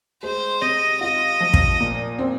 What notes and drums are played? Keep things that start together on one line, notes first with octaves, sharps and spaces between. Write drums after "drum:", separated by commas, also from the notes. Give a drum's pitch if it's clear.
G#3 C5
C3 D#5
F4 D#5
F3
drum: kick
A#2
C4